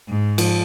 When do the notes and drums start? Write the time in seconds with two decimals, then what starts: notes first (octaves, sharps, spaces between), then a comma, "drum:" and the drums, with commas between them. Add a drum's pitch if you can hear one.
0.08 G#2
0.38 F3, drum: cymbal